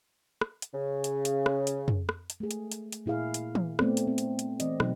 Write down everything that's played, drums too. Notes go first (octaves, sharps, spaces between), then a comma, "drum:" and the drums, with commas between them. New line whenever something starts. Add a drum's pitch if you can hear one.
drum: rim click
drum: hi-hat
C#3
drum: hi-hat
drum: hi-hat
drum: rim click
drum: hi-hat
drum: tom
drum: rim click
drum: hi-hat
A3 G#4
drum: hi-hat
drum: hi-hat
drum: hi-hat
A#2 E4 G#4 F5
drum: hi-hat
drum: tom
A3 B3 C4 D5, drum: rim click
drum: hi-hat
C4
drum: hi-hat
drum: hi-hat
E3 C4 D5 D#5, drum: hi-hat
B2 F#3 D#4, drum: rim click